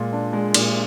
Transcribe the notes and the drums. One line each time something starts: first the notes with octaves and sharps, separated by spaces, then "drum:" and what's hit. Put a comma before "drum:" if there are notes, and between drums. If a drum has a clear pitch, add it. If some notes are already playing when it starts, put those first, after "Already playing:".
Already playing: A#2 G#3 F4
D4
G#3
A#2, drum: cymbal